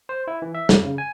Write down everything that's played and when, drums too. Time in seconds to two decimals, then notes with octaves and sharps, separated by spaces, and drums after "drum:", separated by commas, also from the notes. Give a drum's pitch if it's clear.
0.09 C5
0.28 E4
0.42 E3
0.55 E5
0.69 F2, drum: snare
0.84 C#3
0.98 G#5